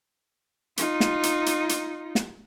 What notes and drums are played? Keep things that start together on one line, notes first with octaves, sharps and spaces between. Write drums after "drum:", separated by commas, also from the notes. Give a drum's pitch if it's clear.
D#4 F4, drum: hi-hat
drum: snare
drum: hi-hat
drum: hi-hat
drum: hi-hat
drum: snare